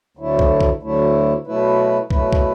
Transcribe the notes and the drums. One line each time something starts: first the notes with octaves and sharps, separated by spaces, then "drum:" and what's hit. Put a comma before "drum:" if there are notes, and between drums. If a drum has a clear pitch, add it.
D2 D3 F#3 A3 E4
drum: kick
drum: kick
D2 D3 F#3 A3 E4
B2 F#3 A3 E4 B4
B2 F#3 A3 E4 B4, drum: kick
drum: kick